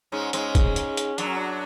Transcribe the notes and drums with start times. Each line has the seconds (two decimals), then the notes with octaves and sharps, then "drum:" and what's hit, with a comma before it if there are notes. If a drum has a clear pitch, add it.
0.12 G#2 G#3 C#4
0.33 G#2 G#3 C#4, drum: hi-hat
0.55 drum: kick, hi-hat
0.76 drum: hi-hat
0.97 drum: hi-hat
1.18 F#2 F#3 D4, drum: hi-hat
1.27 C#4
1.37 D4